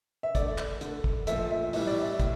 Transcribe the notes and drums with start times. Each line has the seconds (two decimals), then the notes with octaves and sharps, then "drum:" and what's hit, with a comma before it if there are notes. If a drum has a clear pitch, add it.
0.23 E5
0.35 D3 A3 D5, drum: kick, hi-hat
0.58 drum: clap
0.81 D3 A3, drum: hi-hat
1.04 drum: kick
1.27 A#2 F3 A3 E5, drum: hi-hat
1.51 E5
1.73 A2 E3 G3 E5, drum: open hi-hat
1.87 D5
2.01 E5
2.20 A2, drum: kick, hi-hat